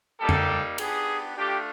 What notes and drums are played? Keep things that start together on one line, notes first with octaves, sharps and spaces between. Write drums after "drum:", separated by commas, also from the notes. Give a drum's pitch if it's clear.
G3 A#3 D#4 G4 A4
drum: tom F2
B3 D4 G4 G#4, drum: cymbal
A3 D4 F4 G4